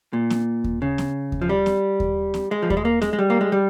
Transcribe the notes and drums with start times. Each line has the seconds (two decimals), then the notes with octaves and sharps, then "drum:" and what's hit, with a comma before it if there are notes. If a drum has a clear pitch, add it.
0.13 A#2
0.30 drum: snare
0.64 drum: kick D#2
0.82 C#3
0.98 drum: snare
1.32 drum: kick D#2
1.42 F3
1.49 G3
1.66 drum: snare
2.00 drum: kick D#2
2.34 drum: snare
2.51 G#3
2.62 F3
2.70 G3, drum: kick D#2
2.77 G#3
2.85 A#3
3.02 G#3, drum: snare
3.13 G#3
3.19 G3
3.30 A#3
3.41 G#3
3.52 G3